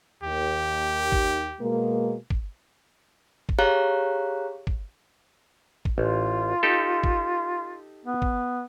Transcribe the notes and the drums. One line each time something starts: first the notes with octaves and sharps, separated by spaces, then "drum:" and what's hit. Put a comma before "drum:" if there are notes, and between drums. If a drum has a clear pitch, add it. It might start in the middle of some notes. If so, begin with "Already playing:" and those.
D#2 G4
drum: kick
B2 G#3 A#3
drum: kick
drum: kick
G4 G#4 C#5 F5 A#5 F#6
drum: kick
drum: kick
A1 F4
D#4 G4 A4
drum: kick
B3
drum: kick